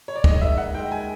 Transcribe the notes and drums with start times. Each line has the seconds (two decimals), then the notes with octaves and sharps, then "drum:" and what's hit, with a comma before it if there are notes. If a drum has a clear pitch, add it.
0.08 C#5
0.16 D5
0.24 D#3 G#3 D#5, drum: kick
0.41 E5
0.58 F#5
0.75 D#3 G#3 G5
0.91 G#5